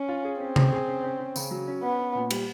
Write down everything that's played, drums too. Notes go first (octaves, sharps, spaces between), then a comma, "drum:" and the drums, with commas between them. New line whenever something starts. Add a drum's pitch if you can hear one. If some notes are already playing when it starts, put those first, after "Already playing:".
Already playing: C#4
F4
G#4
C4 C#4
G#4, drum: tom C3
G#4
C#4
C#4
C#4
C#3, drum: tambourine
F#3
C#4
B3 C#4
C#4
A#2
G3, drum: cymbal